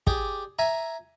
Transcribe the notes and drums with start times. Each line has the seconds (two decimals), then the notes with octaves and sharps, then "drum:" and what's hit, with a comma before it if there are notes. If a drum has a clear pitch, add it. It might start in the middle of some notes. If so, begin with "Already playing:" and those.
0.07 G4 G#4 D5, drum: kick
0.59 E5 G#5 A#5